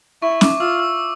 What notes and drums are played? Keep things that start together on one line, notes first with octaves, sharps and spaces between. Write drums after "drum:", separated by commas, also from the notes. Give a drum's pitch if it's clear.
E4 C#6
D6, drum: snare
F4 E6
E6